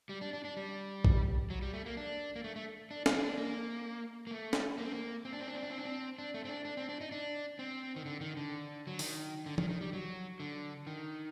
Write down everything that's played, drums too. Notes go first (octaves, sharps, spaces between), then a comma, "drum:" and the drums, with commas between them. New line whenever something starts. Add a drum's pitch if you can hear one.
G3
D4
D4
D4
G3
drum: kick A#1
F#3
G3
A3
A#3
D4
A#3
A3
A3
D4
D#4, drum: snare
C4
D4
A#3
A#3
A3
drum: snare
A#3
C4
A#3
C4
D4
C4
D4
C4
D4
C4
D4
C4
D4
A3
C4
D4
D4
C4
D4
D#4
D4
C4
D#3
D3
D#3
D3
F#3
D#3, drum: open hi-hat
D3
D#3, drum: tom F3
D#3
G3
F#3
D3
D#3